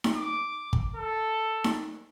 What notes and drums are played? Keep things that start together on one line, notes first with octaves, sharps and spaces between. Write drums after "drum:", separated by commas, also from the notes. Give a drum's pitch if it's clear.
drum: snare D#4
D6
drum: kick
A4
drum: snare D#4